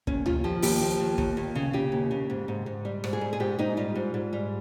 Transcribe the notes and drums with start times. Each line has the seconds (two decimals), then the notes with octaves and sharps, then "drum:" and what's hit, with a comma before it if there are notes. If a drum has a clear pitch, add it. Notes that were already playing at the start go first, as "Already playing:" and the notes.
0.07 D#2 C#4, drum: kick
0.26 D#2 F4, drum: tom C#2
0.44 F3 G4
0.62 D#2 G4, drum: open hi-hat
0.81 F3
1.00 D#2
1.18 D#2, drum: kick
1.37 D#2
1.55 C#3
1.73 C#3 G4
1.92 D#2
2.11 C#3
2.30 G#2
2.48 G#2
2.66 G#2
2.85 G3
3.04 G#2, drum: rim click
3.13 G#4
3.21 G#2
3.33 G#4
3.40 G#2 G4
3.59 G#2 D#4
3.77 G3 F4
3.95 G#2
4.14 G#2
4.33 G3